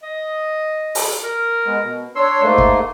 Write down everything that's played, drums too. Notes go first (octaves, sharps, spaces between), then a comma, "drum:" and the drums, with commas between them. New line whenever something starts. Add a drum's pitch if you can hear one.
D#5
drum: open hi-hat
A#4
G#3 B3
B2
D4 C#5 C6 E6
G#2 A3 A#3
drum: kick